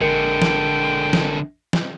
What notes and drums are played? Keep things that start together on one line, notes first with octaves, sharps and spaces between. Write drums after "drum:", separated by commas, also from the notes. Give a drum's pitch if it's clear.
A1 D3 G#3 A#4 G5 C#7
drum: snare
drum: snare
drum: snare